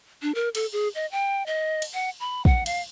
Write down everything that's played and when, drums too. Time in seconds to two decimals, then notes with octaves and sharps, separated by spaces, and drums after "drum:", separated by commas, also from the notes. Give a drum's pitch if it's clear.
0.22 D4
0.35 A#4
0.55 A4, drum: cymbal
0.72 G#4
0.95 D#5
1.12 G5
1.46 D#5
1.82 drum: cymbal
1.94 F#5
2.20 B5
2.45 F#5, drum: kick
2.66 F5, drum: cymbal